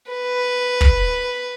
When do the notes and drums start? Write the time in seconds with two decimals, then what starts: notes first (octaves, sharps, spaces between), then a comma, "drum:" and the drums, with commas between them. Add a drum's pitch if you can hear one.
0.12 B4
0.81 drum: kick